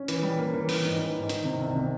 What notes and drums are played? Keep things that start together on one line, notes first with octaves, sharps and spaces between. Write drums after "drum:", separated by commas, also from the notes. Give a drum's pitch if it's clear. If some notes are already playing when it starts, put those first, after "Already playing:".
Already playing: C#4
E3, drum: hi-hat
G3
A#3
E3
E3, drum: open hi-hat
G#2
E3
G#2
D#3, drum: hi-hat
C3
C2
C3